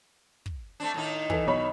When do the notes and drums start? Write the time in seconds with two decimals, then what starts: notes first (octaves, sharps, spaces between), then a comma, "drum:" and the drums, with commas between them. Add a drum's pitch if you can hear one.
0.46 drum: kick
0.80 A3 C4 D4
0.94 A2 D#3 D#4
1.30 E3 A4, drum: kick
1.47 B1 C#5 B5